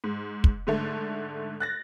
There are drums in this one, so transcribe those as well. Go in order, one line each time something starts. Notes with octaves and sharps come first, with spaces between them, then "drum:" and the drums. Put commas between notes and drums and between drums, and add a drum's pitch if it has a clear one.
G#2
drum: kick
G#2 D3 A3
F#6 A6 A#6